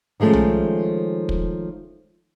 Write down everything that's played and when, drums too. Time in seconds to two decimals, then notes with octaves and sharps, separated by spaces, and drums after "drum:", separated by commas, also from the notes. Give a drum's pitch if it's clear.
0.20 D#3 F3 G#3 A3 C#4
0.33 drum: tom B1
1.29 drum: kick